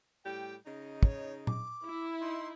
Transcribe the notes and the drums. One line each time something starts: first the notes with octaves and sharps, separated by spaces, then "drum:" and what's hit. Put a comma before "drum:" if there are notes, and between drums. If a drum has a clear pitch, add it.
A2 G3 G4 G5
C#3 D#4 D#5
C#5, drum: kick
D6, drum: tom A#2
E4
D#4 C6